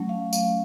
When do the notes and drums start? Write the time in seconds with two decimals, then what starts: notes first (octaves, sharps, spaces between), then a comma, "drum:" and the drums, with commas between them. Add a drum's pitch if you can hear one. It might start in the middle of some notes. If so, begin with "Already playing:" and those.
Already playing: F#3 A3 C#4
0.09 F5
0.33 F5, drum: tambourine